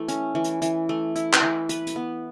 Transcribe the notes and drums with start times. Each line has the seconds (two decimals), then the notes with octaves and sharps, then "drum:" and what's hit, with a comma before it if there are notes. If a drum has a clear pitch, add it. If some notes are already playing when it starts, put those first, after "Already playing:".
Already playing: E3 A3
0.08 C#4, drum: hi-hat
0.35 E3
0.44 drum: hi-hat
0.62 E3, drum: hi-hat
0.89 A3
1.16 E4, drum: hi-hat
1.33 drum: clap
1.42 E3
1.69 B4, drum: hi-hat
1.87 drum: hi-hat
1.96 B3